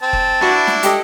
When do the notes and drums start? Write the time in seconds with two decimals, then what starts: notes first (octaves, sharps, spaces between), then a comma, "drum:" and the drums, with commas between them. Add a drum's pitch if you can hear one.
0.02 C4 A5
0.13 drum: kick F1
0.41 D4 E4 F#4 B4
0.67 drum: snare
0.83 G4 A4 D#5, drum: hi-hat